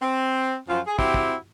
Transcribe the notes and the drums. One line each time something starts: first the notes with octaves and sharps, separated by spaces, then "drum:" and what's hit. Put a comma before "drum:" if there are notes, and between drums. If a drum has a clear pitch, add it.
C4
F#2 F3 F4
G#4
C4 E4 F#4 G4, drum: kick
drum: kick